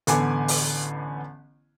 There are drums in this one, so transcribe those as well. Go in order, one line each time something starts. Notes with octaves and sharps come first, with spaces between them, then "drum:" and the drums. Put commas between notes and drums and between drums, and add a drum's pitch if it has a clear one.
A1 D3 B3 G#5 D6, drum: hi-hat
drum: open hi-hat